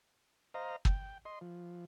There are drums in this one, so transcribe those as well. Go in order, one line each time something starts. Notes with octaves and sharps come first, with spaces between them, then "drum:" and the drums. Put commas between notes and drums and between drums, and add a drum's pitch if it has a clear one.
C5 D#5 F5 A#5
G5, drum: kick
D#5 C6
F3